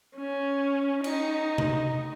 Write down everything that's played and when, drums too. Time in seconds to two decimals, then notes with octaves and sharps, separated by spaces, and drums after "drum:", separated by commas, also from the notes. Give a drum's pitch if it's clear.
0.16 C#4
1.04 D#4, drum: cymbal
1.58 drum: tom C3